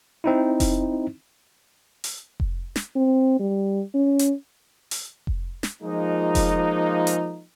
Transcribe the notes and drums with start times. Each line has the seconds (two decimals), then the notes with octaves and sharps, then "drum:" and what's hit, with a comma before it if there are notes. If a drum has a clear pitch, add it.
0.24 C4 D#4 E4
0.60 drum: kick F1, open hi-hat
2.04 drum: open hi-hat
2.40 drum: kick F1
2.76 drum: snare
2.96 C4
3.40 G3
3.94 C#4
4.19 drum: hi-hat
4.91 drum: open hi-hat
5.27 drum: kick F1
5.63 drum: snare
5.83 F3 G#3 A#3 D#4
6.35 drum: kick F1, open hi-hat
7.07 drum: hi-hat